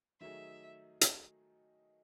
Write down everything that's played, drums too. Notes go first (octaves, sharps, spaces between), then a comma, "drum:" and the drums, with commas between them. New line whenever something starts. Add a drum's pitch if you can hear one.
D#3 F#3 A3 D#4 G#4 E5
drum: hi-hat